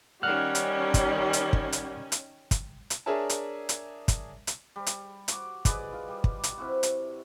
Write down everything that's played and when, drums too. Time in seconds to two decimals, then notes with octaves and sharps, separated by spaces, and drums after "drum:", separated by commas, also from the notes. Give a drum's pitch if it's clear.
0.23 D#3 G3 C#4 F#5 F6 F#6
0.55 drum: hi-hat
0.94 drum: kick, hi-hat
1.33 drum: hi-hat
1.53 drum: kick
1.72 drum: hi-hat
2.12 drum: hi-hat
2.51 drum: kick, hi-hat
2.90 drum: hi-hat
3.06 D4 G#4 A#4 C#5 E5 A5
3.30 drum: hi-hat
3.69 drum: hi-hat
4.08 drum: kick, hi-hat
4.47 drum: hi-hat
4.76 G3
4.87 drum: hi-hat
5.28 F#4 D6, drum: hi-hat
5.65 G#4 B4 D5 D#5, drum: kick, hi-hat
5.93 F4
6.08 G3
6.24 drum: kick
6.44 drum: hi-hat
6.58 C3 E4 F#4
6.83 drum: hi-hat